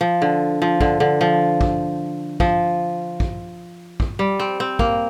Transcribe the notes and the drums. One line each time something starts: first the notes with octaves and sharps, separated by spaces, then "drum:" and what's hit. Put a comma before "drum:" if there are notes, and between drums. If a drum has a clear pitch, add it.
F3
D3
F3
D3, drum: kick
D3
F3
drum: kick
F3, drum: kick
drum: kick
drum: kick
G3
C4
C4
A#3, drum: kick